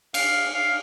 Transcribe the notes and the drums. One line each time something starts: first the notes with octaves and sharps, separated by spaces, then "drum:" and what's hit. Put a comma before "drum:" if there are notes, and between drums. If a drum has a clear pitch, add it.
F5, drum: cymbal
F5